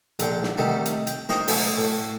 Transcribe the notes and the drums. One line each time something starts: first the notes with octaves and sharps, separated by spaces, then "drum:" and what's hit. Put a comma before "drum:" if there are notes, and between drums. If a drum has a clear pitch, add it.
A#1 D3 G5, drum: hi-hat
drum: snare
C3 D#3 G3 A3 F#4
drum: hi-hat
G5, drum: hi-hat
A#4 C5 C#5 D#5 G5, drum: snare
F#3 A3 C#4 F4, drum: open hi-hat
A2